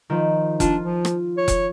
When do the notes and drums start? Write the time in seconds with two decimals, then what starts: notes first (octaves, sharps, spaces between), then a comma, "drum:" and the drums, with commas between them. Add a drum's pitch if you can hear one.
0.10 D#3 F3
0.60 D4 F4, drum: kick F1, hi-hat
0.83 F3
1.05 drum: rim click
1.37 C#5
1.48 drum: kick F1, hi-hat